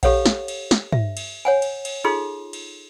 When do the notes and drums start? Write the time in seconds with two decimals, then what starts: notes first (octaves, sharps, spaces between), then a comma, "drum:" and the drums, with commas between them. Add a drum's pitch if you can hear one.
0.03 G4 A4 C#5 F5 F#5, drum: kick A#1, cymbal
0.26 drum: snare
0.48 drum: cymbal
0.71 drum: snare
0.92 E5, drum: tom
1.17 drum: cymbal
1.45 C#5 F#5 G#5
1.62 drum: cymbal
1.85 drum: cymbal
2.04 D#4 F4 G#4 A4 C6
2.53 drum: cymbal